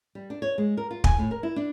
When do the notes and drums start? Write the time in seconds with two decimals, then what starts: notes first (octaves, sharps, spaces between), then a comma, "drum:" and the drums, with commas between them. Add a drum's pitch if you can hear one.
0.15 G3
0.30 D4
0.42 C#5
0.58 G#3
0.77 A#4
0.91 F4
1.04 G#5, drum: kick
1.18 A2
1.31 A#4
1.43 E4
1.56 D4